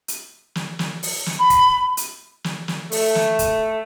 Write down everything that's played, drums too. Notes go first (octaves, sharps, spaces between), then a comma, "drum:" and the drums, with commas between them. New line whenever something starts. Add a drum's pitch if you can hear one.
drum: hi-hat
drum: snare
drum: snare
drum: open hi-hat
drum: snare
B5
drum: kick, hi-hat
drum: hi-hat
drum: snare
drum: snare
A3, drum: open hi-hat
drum: snare
drum: kick, hi-hat